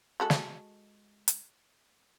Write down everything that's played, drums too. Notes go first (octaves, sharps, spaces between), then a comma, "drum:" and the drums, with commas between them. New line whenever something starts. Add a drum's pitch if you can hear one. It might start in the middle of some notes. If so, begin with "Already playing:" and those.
G#3 F#4 A4
drum: snare
drum: hi-hat